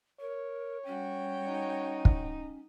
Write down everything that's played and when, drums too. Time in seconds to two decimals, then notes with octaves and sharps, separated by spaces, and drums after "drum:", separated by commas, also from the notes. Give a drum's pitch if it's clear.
0.20 A#4 C#5
0.85 G3 C#4 F#4 G5
1.46 D#4
2.05 drum: kick